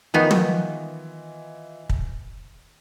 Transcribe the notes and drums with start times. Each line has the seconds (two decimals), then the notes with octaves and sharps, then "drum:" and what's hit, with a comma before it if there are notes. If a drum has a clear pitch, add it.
0.14 D#3 E3 B3 D#4 F4 D#5
0.31 drum: tom
1.90 drum: kick